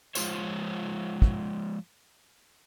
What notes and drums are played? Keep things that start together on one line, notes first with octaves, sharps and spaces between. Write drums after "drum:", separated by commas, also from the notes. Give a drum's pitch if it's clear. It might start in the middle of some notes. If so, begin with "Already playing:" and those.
F3 G#3 F4 C5 C#5, drum: tambourine
drum: kick